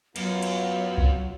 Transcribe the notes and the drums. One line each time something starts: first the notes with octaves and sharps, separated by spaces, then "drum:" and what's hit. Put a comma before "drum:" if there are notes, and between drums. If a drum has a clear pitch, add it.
F#2 F#3 B3 F4, drum: cymbal
drum: cymbal
drum: kick C2